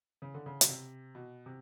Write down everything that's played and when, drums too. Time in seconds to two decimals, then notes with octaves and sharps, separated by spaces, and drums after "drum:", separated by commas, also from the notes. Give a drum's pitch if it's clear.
0.22 C#3
0.34 D3
0.46 C#3
0.61 B2, drum: hi-hat
0.68 C3
1.15 B2
1.46 C3